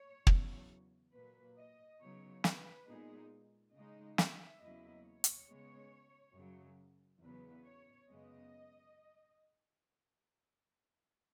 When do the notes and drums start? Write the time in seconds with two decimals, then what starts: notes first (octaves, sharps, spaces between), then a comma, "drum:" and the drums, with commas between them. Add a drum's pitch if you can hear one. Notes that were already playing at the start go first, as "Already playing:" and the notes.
Already playing: C#5
0.27 E2 C#3 F#3, drum: kick
1.13 A#2 F#3 A#3 B4
1.57 D#5
2.00 C#3 F#3 B3 D#4 C#5
2.44 B4, drum: snare
2.87 A#2 G#3 B3 D#4 G#4
3.74 C#3 G#3 D#4 D#5
4.18 E5, drum: snare
4.61 E2 C#3 F#3 A#3 E4 D#5
5.05 C#5
5.24 drum: hi-hat
5.49 C#3 G#3 B3
6.36 F#2 C#3 F#3
7.22 E2 C#3 F#3 B3 B4
7.65 C#5
8.09 F#2 C#3 G#3 B3 D#5